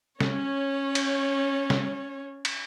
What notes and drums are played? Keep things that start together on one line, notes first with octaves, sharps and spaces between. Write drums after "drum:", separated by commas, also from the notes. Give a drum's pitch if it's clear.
C#4 C#5, drum: snare
drum: cymbal
drum: snare
drum: cymbal